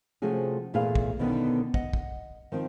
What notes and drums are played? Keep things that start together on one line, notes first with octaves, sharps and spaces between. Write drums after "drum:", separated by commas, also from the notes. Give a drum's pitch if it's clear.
C3 F3 A3 C#4 F#4 G#4
E2 A#2 A3 G#4 B4 F5
drum: kick
B2 D3 D#3 B3 C#4
D#5 F#5, drum: kick
drum: kick
D#3 F3 C4